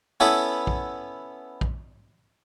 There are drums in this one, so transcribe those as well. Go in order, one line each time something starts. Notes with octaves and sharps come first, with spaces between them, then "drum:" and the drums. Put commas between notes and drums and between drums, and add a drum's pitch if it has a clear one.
B3 C#4 E4 A4 B4 C#5
drum: kick A#1
drum: kick A#1